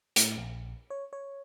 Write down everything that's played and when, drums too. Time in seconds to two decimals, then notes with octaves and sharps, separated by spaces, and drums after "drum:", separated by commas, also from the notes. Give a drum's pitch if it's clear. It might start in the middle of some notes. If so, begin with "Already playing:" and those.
0.16 A2, drum: hi-hat
0.38 A#1
0.90 C#5
1.13 C#5